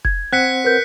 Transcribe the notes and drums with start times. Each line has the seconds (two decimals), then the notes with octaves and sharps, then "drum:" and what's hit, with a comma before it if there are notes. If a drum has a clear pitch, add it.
0.05 G#6, drum: kick F1
0.33 C4 C5 F#5 F#6 B6 C#7
0.64 A#4 B4 G6